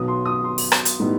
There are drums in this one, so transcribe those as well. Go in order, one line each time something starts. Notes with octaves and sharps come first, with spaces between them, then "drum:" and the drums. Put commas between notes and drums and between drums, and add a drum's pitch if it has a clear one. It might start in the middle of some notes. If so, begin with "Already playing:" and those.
Already playing: B1 B2 F#3 B3 D#6
C6
D#6
C6
drum: open hi-hat
drum: rim click
drum: hi-hat
A2 G3 B3 D#4